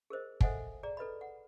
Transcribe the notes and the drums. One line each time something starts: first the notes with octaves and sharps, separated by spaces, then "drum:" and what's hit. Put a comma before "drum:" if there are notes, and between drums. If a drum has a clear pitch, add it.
G#4 A#4 C5 D#5
A4 C5 D#5 E5 F#5 G#5, drum: kick
G#4 D5 A#5
A4 B4 D#5 B5
F#5